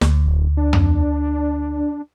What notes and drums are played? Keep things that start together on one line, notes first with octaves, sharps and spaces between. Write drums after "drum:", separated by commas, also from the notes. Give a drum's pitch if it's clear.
D2, drum: snare
D1
D4
drum: tom